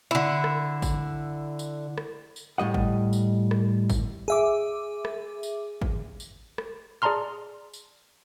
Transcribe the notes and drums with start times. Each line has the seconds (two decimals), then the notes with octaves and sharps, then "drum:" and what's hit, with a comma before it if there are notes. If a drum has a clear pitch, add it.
0.11 D3 E4
0.44 drum: rim click
0.82 drum: kick G#1, tambourine
1.59 drum: tambourine
1.98 drum: rim click
2.36 drum: tambourine
2.58 A2 G3 D#5 F#5
2.74 drum: kick G#1
3.13 drum: tambourine
3.51 drum: rim click
3.90 drum: kick G#1, tambourine
4.28 G#4 E5 D6
5.05 drum: rim click
5.43 drum: tambourine
5.82 drum: kick G#1
6.20 drum: tambourine
6.58 drum: rim click
7.02 G#4 D5 A5 A#5 C6 F6
7.73 drum: tambourine